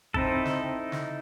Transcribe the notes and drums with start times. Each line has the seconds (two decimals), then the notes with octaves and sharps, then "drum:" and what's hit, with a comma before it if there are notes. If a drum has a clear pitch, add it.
0.14 C4 D#4 E4 A4, drum: kick G#1
0.45 drum: snare
0.92 drum: snare